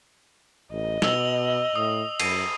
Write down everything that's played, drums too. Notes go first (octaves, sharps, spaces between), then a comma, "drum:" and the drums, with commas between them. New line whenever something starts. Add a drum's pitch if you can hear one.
A1 D#5
B2 E6 F7 G7, drum: snare
A2 D#6
F#2 C7 D#7, drum: cymbal